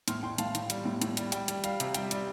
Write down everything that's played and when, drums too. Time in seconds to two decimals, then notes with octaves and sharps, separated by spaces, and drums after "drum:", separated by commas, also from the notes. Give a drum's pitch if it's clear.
0.08 A2 C6 F6, drum: hi-hat
0.23 A2 G5 C6
0.38 A2 F5 A5, drum: hi-hat
0.55 A2, drum: hi-hat
0.70 G3, drum: hi-hat
0.85 A2
1.02 A2, drum: hi-hat
1.17 G3, drum: hi-hat
1.32 G3 G5, drum: hi-hat
1.48 G3, drum: hi-hat
1.64 G3 F5, drum: hi-hat
1.80 C3, drum: hi-hat
1.94 G3 G5, drum: hi-hat
2.11 G3, drum: hi-hat